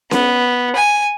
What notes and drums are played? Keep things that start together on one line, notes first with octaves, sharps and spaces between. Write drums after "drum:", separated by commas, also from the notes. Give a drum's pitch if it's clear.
B3, drum: snare C#4
G#5